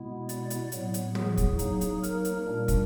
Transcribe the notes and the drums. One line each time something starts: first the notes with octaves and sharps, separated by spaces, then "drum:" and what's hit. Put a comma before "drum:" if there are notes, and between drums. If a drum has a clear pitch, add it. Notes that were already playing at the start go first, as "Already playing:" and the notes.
Already playing: B2 G#3 B3 E4
D5, drum: hi-hat
drum: hi-hat
A2 F#3 B3, drum: hi-hat
drum: hi-hat
G#4, drum: tom
drum: kick, hi-hat
F#3 A#3 D#4, drum: hi-hat
drum: hi-hat
A#4, drum: hi-hat
drum: hi-hat
A#2 G3 A#3 D4
drum: kick, hi-hat